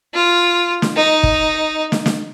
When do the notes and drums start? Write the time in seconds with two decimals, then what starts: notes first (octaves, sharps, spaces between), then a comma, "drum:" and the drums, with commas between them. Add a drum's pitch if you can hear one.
0.14 F4
0.82 drum: snare
0.96 D#4
1.23 drum: kick
1.92 drum: snare
2.06 drum: snare